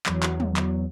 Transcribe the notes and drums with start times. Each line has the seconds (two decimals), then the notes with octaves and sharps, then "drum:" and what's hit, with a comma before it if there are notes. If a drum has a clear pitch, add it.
0.06 E2 F#3, drum: clap
0.23 drum: clap
0.40 drum: tom
0.57 drum: clap